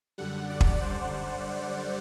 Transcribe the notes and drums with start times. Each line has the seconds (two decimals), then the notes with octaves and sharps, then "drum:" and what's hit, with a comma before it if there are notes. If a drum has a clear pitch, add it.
0.18 F#2 D3 G3 F#5
0.50 D5
0.61 drum: kick
0.81 C5
1.13 D5
1.44 D5